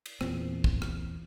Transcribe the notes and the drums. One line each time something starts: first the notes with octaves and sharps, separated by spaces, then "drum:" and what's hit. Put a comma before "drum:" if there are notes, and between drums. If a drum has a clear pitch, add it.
drum: cymbal
E2 A#2 C4, drum: rim click
drum: kick
drum: rim click